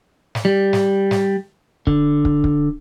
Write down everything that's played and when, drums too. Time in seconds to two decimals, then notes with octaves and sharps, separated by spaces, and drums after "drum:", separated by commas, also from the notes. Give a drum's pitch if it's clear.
0.35 drum: snare
0.45 G3
0.73 drum: snare
1.11 drum: snare
1.87 D3, drum: kick
2.25 drum: kick
2.44 drum: kick